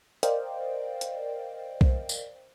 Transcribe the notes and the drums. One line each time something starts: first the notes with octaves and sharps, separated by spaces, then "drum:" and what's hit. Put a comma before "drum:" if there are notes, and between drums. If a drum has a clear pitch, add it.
A#4 C5 D5 D#5 F5 G5, drum: hi-hat
drum: hi-hat
drum: kick B1
drum: tambourine